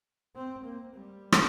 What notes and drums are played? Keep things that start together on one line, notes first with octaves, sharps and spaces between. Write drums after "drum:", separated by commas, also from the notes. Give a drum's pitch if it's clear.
C4
A#3
G3
drum: rim click